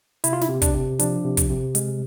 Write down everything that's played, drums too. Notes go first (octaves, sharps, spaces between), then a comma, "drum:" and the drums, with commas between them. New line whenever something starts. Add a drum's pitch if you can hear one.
C3 E4, drum: hi-hat
F4
E4, drum: snare
C3
D4, drum: kick, hi-hat
C3
F3 D4, drum: hi-hat
C3
drum: kick, hi-hat
C3
G#3, drum: hi-hat